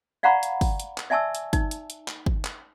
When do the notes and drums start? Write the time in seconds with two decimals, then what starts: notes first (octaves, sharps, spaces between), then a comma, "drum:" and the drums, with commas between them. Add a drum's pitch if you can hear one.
0.23 D5 F5 F#5 A#5 B5 C#6
0.43 drum: hi-hat
0.61 drum: kick, open hi-hat
0.80 drum: hi-hat
0.98 drum: clap
1.10 D5 E5 G#5 A5 C#6 E6
1.35 drum: hi-hat
1.53 D#4, drum: kick, hi-hat
1.71 drum: hi-hat
1.90 drum: hi-hat
2.08 drum: clap
2.26 drum: kick
2.45 drum: clap